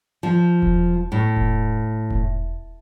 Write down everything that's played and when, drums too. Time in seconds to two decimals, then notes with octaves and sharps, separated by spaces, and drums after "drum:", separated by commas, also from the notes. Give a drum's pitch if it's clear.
0.23 F3
0.62 drum: kick E1
1.12 A2
1.36 drum: kick E1
2.10 drum: kick E1